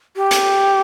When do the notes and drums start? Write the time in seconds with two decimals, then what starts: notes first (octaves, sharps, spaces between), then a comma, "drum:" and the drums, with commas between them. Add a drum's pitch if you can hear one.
0.16 G4
0.31 drum: hi-hat